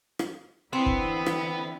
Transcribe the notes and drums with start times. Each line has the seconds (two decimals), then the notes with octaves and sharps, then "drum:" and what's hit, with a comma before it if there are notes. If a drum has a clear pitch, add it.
0.19 drum: rim click
0.73 D3 E3 B3 C4 E4
0.86 drum: kick
1.26 drum: rim click